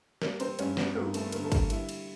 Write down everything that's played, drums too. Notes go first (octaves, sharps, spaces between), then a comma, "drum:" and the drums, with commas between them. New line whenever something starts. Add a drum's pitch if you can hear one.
G3 A#3 A#4, drum: snare
C4 C5, drum: cymbal
G2 C#4 C#5, drum: cymbal
B3 B4, drum: snare
G2 A#3 A#4, drum: tom
A3 A4, drum: cymbal
D3 A#3 A#4, drum: cymbal
A4
A#3 A#4, drum: kick, cymbal
G3 E4, drum: cymbal
drum: cymbal